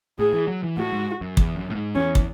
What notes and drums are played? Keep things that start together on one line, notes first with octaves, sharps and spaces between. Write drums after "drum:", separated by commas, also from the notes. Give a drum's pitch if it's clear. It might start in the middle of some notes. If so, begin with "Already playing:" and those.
A2 G#4
E3
F#3
E3
A2 F#4
G#2
F#2
E2, drum: kick
F#2
A2
G#2
E2 C#4
drum: kick